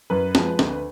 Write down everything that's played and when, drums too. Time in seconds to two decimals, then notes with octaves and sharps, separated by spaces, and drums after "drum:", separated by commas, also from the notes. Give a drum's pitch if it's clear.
0.10 F#2 B4
0.35 F3 G#3, drum: snare
0.59 D2, drum: snare